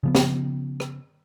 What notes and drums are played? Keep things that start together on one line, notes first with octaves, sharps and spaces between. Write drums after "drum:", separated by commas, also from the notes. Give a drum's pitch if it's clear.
C#3 F3 B3
drum: snare
drum: rim click